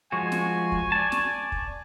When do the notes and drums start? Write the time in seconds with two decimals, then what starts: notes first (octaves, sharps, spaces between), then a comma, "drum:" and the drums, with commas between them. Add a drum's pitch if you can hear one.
0.12 F3 G#3 F#4 G#5 C#6
0.32 drum: snare
0.72 drum: kick
0.92 D5 A5
1.12 drum: snare
1.52 drum: kick